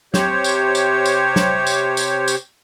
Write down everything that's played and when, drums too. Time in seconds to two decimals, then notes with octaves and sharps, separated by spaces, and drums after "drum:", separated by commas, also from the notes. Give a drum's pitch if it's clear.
0.14 C3 G4 C5 C#5, drum: snare
0.44 drum: tambourine
0.75 drum: tambourine
1.05 drum: tambourine
1.36 drum: snare
1.67 drum: tambourine
1.97 drum: tambourine
2.28 drum: tambourine